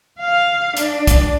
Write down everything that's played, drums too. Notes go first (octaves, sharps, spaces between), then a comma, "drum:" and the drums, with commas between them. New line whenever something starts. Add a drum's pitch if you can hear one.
F5
D4, drum: hi-hat
drum: kick, hi-hat